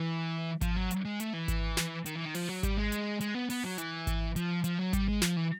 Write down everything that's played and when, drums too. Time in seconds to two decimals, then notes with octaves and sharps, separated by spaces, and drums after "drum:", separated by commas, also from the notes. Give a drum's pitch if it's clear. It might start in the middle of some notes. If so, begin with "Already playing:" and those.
Already playing: E3
0.61 F3, drum: kick G#1, hi-hat
0.76 F#3
0.91 drum: hi-hat
1.05 G#3
1.20 A3, drum: hi-hat
1.33 E3
1.48 drum: kick G#1, hi-hat
1.77 drum: snare
2.06 D#3, drum: hi-hat
2.16 E3
2.25 D#3
2.35 F3, drum: open hi-hat
2.49 F#3
2.63 G3, drum: kick G#1, hi-hat
2.77 G#3
2.92 drum: hi-hat
3.21 G#3, drum: hi-hat
3.35 B3
3.50 B3, drum: open hi-hat
3.64 F#3
3.78 E3, drum: hi-hat
4.07 drum: kick G#1, hi-hat
4.36 F3, drum: hi-hat
4.64 F3, drum: hi-hat
4.79 F#3
4.93 G3, drum: kick G#1, hi-hat
5.08 G#3
5.22 F3, drum: snare
5.37 E3